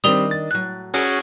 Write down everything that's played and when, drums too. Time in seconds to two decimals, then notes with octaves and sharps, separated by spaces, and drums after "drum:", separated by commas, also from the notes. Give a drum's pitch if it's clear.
0.04 D#3 G3 C4 D4 D#5 D#6 F7 G7
0.31 A6
0.51 A2 F#3 F#6
0.94 C#4 F#4 G#4, drum: open hi-hat